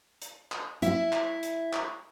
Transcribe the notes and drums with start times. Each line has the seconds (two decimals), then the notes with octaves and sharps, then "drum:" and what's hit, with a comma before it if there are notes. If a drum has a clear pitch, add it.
0.22 drum: hi-hat
0.52 drum: clap
0.82 E4 E5, drum: hi-hat
1.13 drum: clap
1.43 drum: hi-hat
1.73 drum: clap